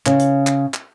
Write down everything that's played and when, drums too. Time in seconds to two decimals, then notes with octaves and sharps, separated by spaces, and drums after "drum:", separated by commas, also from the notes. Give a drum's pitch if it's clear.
0.06 C#3, drum: clap
0.20 drum: hi-hat
0.47 drum: clap
0.74 drum: clap